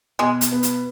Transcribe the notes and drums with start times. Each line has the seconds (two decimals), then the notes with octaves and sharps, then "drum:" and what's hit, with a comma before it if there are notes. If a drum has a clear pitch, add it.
0.19 B2 G#3
0.41 drum: hi-hat
0.52 B3
0.63 drum: hi-hat